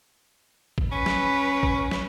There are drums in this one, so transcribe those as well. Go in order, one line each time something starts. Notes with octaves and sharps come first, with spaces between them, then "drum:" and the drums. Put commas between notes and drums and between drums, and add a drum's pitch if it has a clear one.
drum: kick
C#4 B4
drum: snare
drum: kick
drum: snare